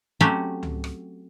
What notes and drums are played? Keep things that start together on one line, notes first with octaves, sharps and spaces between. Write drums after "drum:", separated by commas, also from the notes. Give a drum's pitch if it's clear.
F#3 A3 C4 C#4 F#4 G4
drum: tom C#2
drum: rim click